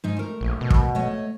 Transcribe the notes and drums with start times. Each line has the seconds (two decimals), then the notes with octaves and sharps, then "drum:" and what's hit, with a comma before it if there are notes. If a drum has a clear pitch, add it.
0.04 G#2 D#4 G#5
0.17 A3 A#4
0.41 A#1
0.61 B2
0.70 drum: kick
0.95 A3 C#5 D#5